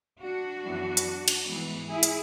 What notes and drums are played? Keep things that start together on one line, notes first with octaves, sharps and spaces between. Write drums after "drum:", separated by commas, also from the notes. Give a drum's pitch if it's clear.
D4 F#4
F#2 E3 B3
drum: hi-hat
drum: cymbal
G#2 E3 G#3 B3
E4 G#4
drum: hi-hat